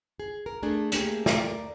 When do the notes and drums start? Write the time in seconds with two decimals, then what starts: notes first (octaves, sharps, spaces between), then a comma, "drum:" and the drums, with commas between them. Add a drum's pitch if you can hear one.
0.20 G#4
0.46 A#4
0.63 A3 D4 G#4
0.92 A3 A#3 G4 G#4, drum: hi-hat
1.26 A#4 D5, drum: snare